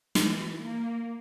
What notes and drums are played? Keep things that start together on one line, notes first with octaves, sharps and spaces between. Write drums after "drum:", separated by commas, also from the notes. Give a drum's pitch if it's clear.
E3, drum: snare
A#3